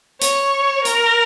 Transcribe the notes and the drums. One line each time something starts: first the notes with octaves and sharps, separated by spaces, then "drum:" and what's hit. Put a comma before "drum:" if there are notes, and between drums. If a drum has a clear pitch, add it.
C#5, drum: hi-hat
A#4, drum: hi-hat